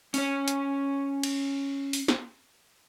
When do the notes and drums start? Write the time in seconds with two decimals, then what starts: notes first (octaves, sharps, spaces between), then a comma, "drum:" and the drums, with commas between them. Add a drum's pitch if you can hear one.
0.14 C#4 C#5, drum: open hi-hat
0.48 drum: hi-hat
1.23 drum: cymbal
1.93 drum: open hi-hat
2.08 drum: snare